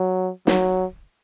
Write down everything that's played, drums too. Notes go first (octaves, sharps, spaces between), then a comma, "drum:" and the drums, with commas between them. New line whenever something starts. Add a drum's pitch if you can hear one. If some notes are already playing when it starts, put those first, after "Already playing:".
Already playing: F#3
F#3, drum: snare